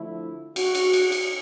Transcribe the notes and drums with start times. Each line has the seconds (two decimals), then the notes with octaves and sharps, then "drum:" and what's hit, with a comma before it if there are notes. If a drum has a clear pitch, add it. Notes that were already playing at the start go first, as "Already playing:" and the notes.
Already playing: D3 F3 A3 E4
0.56 F#4, drum: cymbal
0.75 drum: cymbal
0.93 drum: cymbal
1.12 drum: cymbal